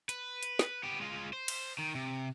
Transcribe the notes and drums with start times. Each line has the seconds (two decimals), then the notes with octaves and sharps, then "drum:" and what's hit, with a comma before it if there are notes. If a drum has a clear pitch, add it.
0.09 B4, drum: hi-hat
0.43 drum: hi-hat
0.59 drum: snare
0.83 B3 G4
1.00 G#3 F4
1.33 C5
1.48 drum: cymbal
1.78 D#3
1.95 C3